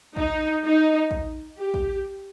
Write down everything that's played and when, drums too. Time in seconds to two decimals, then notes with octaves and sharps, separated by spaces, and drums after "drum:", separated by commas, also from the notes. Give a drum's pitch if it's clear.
0.16 D#4, drum: kick A#1
0.64 D#4
1.11 drum: kick A#1
1.58 G4
1.74 drum: kick A#1